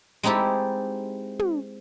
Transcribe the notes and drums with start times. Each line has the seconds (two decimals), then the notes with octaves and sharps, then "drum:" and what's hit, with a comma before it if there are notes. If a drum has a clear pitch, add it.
0.23 G#3 C4 D#4 E4 G4 A4
1.39 drum: tom